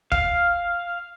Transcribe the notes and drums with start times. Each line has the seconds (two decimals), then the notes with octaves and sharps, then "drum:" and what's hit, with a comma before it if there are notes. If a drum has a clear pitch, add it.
0.12 F5, drum: kick